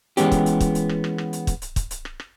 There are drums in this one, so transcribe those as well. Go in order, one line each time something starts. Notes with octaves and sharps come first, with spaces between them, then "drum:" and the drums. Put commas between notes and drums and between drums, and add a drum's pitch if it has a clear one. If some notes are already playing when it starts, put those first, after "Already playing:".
E3 G#3 B3 C#4 G4, drum: hi-hat
drum: kick, hi-hat
drum: hi-hat
drum: kick, hi-hat
drum: hi-hat
drum: rim click
drum: rim click
drum: rim click
drum: hi-hat
drum: kick, hi-hat
drum: hi-hat
drum: kick, hi-hat
drum: hi-hat
drum: rim click
drum: rim click